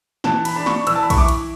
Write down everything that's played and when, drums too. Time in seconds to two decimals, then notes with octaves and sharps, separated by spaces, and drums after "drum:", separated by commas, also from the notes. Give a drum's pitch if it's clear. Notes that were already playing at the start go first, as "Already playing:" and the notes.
0.24 E3 A5, drum: snare
0.45 B5, drum: cymbal
0.56 D4 B5
0.66 C#6, drum: snare
0.87 E3 E6, drum: cymbal
0.95 A5
1.03 B5
1.10 C#6, drum: kick A#1, cymbal
1.18 E4 D6
1.28 drum: cymbal